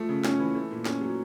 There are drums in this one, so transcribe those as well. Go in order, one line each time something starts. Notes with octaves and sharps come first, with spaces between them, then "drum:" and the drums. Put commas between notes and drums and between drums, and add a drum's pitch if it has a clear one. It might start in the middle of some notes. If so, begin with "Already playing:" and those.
Already playing: F3 A3
C#3
C#4, drum: snare
E3
A3
A#2
C#4, drum: snare
F#3